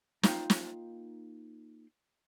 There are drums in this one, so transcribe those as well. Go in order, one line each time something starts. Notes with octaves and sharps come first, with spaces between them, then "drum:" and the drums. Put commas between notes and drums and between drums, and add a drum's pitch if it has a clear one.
A#3 D#4 F4 F5 G5, drum: snare
drum: snare